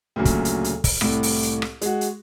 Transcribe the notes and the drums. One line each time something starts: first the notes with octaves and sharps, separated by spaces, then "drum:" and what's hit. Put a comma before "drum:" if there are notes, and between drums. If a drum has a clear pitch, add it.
D2 A#2 C#3 F#3
drum: kick, hi-hat
drum: hi-hat
drum: hi-hat
drum: kick, open hi-hat
C2 A2, drum: rim click
drum: open hi-hat
drum: hi-hat
drum: rim click
G#3 F#4, drum: hi-hat
drum: hi-hat